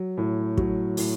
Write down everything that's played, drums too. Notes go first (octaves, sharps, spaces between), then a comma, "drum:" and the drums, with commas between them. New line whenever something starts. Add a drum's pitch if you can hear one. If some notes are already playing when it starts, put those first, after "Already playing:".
Already playing: F#3
A2
F#3, drum: kick
A2, drum: open hi-hat